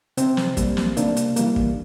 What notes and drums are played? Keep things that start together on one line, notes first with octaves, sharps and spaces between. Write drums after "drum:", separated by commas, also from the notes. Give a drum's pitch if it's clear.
C3 C4, drum: hi-hat
drum: snare
G3 A#3, drum: kick, hi-hat
drum: snare
C3 A#3 D4, drum: hi-hat
drum: hi-hat
E3 G3 A#3, drum: hi-hat
drum: kick